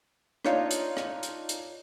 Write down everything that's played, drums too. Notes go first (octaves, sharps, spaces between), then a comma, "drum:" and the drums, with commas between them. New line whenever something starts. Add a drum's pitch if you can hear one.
D4 D#4 F4 C#5 F5, drum: rim click
drum: hi-hat
drum: rim click
drum: hi-hat
drum: hi-hat